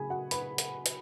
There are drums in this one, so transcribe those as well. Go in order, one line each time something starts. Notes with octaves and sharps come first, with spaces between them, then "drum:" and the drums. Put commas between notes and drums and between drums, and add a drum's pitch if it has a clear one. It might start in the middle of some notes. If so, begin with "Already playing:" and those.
Already playing: C#3 F#3 A3 G#4 G#5 B5
F#4 F#5
B4 B5, drum: hi-hat
drum: hi-hat
drum: hi-hat